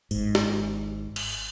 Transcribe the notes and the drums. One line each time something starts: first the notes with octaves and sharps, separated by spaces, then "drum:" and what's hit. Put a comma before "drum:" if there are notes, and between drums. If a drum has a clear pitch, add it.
G#1 G#2, drum: tambourine
drum: snare
drum: cymbal